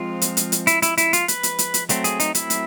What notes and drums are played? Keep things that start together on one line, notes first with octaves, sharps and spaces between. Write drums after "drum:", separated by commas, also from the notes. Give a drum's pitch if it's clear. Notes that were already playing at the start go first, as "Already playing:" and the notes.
Already playing: F3 G#3 C4 F4
drum: hi-hat
drum: hi-hat
drum: hi-hat
E4, drum: hi-hat
E4, drum: hi-hat
E4, drum: hi-hat
F4, drum: hi-hat
B4, drum: hi-hat
drum: hi-hat
drum: hi-hat
drum: hi-hat
F#3 A3 C4, drum: hi-hat
G#4, drum: hi-hat
D#4, drum: hi-hat
E4, drum: hi-hat
drum: hi-hat